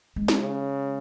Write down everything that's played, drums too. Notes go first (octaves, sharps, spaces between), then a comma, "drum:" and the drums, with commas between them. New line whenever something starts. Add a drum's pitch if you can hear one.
G#3
drum: snare
C#3